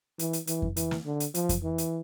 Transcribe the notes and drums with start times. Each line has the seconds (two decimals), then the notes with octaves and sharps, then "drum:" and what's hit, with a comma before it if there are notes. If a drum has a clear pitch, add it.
0.19 E3, drum: hi-hat
0.33 drum: hi-hat
0.47 E3, drum: hi-hat
0.62 drum: kick F2
0.77 E3, drum: hi-hat
0.91 drum: snare
1.06 D3
1.20 drum: hi-hat
1.34 F3, drum: hi-hat
1.49 drum: kick F2, hi-hat
1.63 E3
1.78 drum: hi-hat